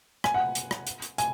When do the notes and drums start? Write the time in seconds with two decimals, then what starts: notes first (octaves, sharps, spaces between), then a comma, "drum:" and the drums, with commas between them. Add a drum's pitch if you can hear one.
0.24 G#5, drum: rim click
0.34 F#5
0.55 drum: hi-hat
0.71 drum: rim click
0.87 drum: hi-hat
1.02 drum: hi-hat
1.18 G#5, drum: hi-hat